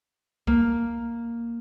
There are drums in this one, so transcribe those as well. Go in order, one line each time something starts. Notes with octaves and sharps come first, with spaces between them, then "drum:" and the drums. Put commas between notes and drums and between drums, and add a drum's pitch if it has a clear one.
A#3, drum: kick C2